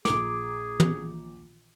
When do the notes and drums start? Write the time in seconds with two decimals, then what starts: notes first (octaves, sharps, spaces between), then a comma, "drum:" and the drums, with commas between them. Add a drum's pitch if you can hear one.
0.05 A#1 G#4 A#5 D6, drum: snare
0.80 drum: tom